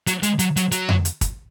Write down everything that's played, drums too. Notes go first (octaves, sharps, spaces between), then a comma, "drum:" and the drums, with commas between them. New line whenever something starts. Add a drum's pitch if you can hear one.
F#3, drum: hi-hat
G#3, drum: hi-hat
F#3, drum: hi-hat
F#3, drum: hi-hat
F#3, drum: hi-hat
drum: tom F2
drum: hi-hat
drum: kick, hi-hat